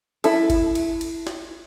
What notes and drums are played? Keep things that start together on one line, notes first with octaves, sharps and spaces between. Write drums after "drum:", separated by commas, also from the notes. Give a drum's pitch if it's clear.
E4 A4, drum: cymbal
drum: kick G1, cymbal
drum: cymbal
drum: cymbal
drum: snare